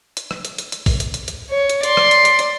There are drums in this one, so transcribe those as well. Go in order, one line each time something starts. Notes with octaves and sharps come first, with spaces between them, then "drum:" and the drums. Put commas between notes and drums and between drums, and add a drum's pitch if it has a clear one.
drum: hi-hat
drum: rim click
drum: hi-hat
drum: hi-hat
drum: hi-hat
drum: kick, open hi-hat
drum: hi-hat
drum: hi-hat
drum: hi-hat
C#5
drum: hi-hat
D5 C6, drum: hi-hat
drum: rim click
drum: hi-hat
drum: hi-hat
drum: hi-hat